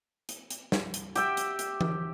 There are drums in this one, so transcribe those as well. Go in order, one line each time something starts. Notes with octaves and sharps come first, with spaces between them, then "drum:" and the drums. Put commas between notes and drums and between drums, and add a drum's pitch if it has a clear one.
drum: hi-hat
drum: hi-hat
drum: snare
drum: hi-hat
G4 E5 G5, drum: hi-hat
drum: hi-hat
drum: hi-hat
drum: tom E3